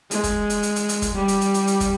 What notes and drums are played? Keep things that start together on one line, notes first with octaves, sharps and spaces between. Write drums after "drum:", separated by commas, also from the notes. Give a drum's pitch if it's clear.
G#3, drum: hi-hat
drum: kick, hi-hat
drum: hi-hat
drum: hi-hat
drum: hi-hat
drum: hi-hat
drum: kick, hi-hat
G3
drum: hi-hat
drum: hi-hat
drum: hi-hat
drum: hi-hat
drum: kick, hi-hat